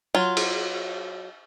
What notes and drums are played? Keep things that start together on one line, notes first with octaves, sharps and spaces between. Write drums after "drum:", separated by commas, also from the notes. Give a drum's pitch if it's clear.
F#3 F4
drum: cymbal